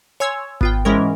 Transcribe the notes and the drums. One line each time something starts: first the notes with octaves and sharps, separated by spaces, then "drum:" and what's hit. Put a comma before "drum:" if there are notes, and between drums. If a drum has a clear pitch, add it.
C#5 G#5 C6 E6 G#6
B3 F4 G5, drum: kick G#1
G#2 E3 G#3 C#4 A#4